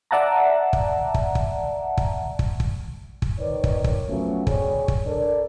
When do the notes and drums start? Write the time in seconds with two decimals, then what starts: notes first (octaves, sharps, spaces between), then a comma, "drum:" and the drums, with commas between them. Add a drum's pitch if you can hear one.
0.11 D5 E5 F#5 A5 A#5
0.73 drum: kick
1.14 drum: kick
1.35 drum: kick
1.97 drum: kick
2.39 drum: kick
2.60 drum: kick
3.22 drum: kick
3.39 D#3 D#4 B4 C#5 D5
3.64 drum: kick
3.84 drum: kick
4.08 F3 F#3 A3 B3 C#4
4.47 G3 G#4 C#5, drum: kick
4.88 drum: kick
5.06 D4 A4 A#4 D5